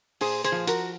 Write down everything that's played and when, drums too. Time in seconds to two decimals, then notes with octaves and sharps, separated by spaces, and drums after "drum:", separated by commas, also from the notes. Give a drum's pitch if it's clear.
0.21 A#2 G#4 C5, drum: open hi-hat
0.44 G#4 C5, drum: hi-hat
0.52 F3
0.67 F#4 A#4, drum: hi-hat